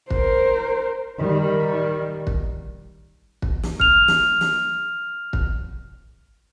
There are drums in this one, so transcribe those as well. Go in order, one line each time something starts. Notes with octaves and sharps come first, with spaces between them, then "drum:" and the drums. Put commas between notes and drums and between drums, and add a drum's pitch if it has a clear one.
A#4 C5, drum: kick
D#3 G3
drum: kick
drum: kick
drum: snare
F6 F7, drum: kick
drum: snare
drum: snare
drum: kick